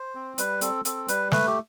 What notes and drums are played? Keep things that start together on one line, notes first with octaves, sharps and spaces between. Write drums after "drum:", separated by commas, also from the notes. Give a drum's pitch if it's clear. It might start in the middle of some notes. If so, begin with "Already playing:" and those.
Already playing: C5
C4
G3 B4, drum: hi-hat
C4 A4, drum: hi-hat
C4 A4, drum: hi-hat
G3 B4, drum: hi-hat
A3 B4, drum: snare
G4